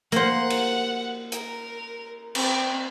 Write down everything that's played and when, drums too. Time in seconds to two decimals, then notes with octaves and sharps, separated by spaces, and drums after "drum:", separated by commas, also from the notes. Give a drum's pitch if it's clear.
0.12 A#3 C5 F#5, drum: hi-hat
0.50 drum: cymbal
1.32 A#4, drum: hi-hat
2.35 C4, drum: cymbal